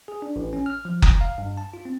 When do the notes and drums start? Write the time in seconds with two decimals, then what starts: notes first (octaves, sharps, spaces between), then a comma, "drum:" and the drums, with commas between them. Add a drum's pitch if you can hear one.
0.08 G#4
0.22 D4
0.36 A1
0.53 C#4
0.66 F6
0.85 F3
1.02 A#5, drum: kick F#1
1.21 F5
1.38 G2
1.57 A5
1.74 F4
1.85 C4